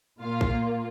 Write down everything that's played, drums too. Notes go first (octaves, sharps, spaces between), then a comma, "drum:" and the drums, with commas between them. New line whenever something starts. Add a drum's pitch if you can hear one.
A#2 A#3 F4 F5
drum: kick